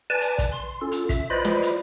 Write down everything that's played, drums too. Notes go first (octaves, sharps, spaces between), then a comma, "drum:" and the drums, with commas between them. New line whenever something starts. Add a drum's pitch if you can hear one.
B4 D5 G#5 A5
drum: hi-hat
drum: kick, hi-hat
C6
C#4 F4 A4
drum: hi-hat
E5, drum: kick, hi-hat
F4 B4 C5 D5 D#5 B5
drum: snare
drum: hi-hat